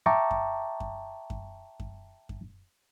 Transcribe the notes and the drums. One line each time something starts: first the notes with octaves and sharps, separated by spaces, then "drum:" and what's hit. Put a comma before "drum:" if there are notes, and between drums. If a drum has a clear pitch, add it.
E5 G5 A5 A#5 C#6 D6
drum: kick F#2
drum: kick F#2
drum: kick F#2
drum: kick F#2
drum: kick F#2